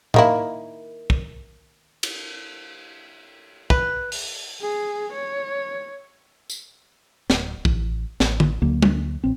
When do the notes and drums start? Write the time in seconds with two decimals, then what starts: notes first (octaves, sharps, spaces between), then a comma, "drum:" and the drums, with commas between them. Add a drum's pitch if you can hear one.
0.14 D#3 A#3 E4, drum: tom A2
1.10 drum: kick
2.03 drum: cymbal
3.70 B4, drum: kick
4.12 drum: open hi-hat
4.61 G#4
5.13 C#5
6.50 drum: tambourine
7.30 D1, drum: snare
7.65 A1, drum: kick
8.20 A1, drum: snare
8.40 drum: tom D3
8.62 D2 D3 F#3 A#3
8.82 drum: tom G3
9.24 A1 C4